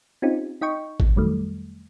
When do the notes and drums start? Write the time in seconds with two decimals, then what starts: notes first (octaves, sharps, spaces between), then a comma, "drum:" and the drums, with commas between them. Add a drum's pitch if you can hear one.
0.22 C4 C#4 D#4 F4 G4
0.61 D#4 D#5 G5 C#6
1.00 drum: kick G#1
1.16 F2 D#3 F#3 G3 A3